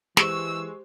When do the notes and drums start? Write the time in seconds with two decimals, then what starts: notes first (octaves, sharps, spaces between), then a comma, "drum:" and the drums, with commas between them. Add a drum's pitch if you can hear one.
0.17 E3 G#3 G4 C5 C#6 E6, drum: snare